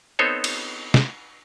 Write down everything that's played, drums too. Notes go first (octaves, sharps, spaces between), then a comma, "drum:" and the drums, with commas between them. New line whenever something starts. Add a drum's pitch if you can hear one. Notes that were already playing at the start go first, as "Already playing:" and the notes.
B3 C4 D#4 A4 C5 C#5
drum: cymbal
drum: snare